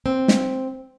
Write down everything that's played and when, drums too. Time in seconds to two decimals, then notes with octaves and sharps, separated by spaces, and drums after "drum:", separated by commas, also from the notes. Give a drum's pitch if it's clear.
0.06 C4
0.28 drum: snare